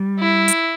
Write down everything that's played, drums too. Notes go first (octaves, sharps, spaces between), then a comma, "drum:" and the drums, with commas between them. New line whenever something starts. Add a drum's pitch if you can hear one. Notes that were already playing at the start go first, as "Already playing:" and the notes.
Already playing: G3
E4
drum: hi-hat